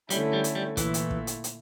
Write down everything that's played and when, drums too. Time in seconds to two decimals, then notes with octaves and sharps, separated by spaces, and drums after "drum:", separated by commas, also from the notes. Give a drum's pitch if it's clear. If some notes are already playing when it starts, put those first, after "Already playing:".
0.10 D3 G3 A3 C#4 E4, drum: hi-hat
0.33 G3
0.44 drum: hi-hat
0.55 G3
0.77 A#2 E3 A3 E4, drum: kick, hi-hat
0.94 drum: hi-hat
1.11 drum: kick
1.27 drum: hi-hat
1.44 drum: hi-hat